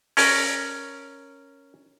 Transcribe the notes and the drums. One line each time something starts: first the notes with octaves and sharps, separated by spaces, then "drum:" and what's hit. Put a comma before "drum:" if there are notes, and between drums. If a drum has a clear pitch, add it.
C#4 A#4, drum: open hi-hat